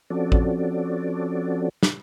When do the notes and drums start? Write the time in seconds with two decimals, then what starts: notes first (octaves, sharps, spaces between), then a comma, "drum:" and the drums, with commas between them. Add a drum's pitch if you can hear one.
0.10 F3 C4 C#4 F#4 A4 D5
0.32 drum: kick A1
1.83 drum: snare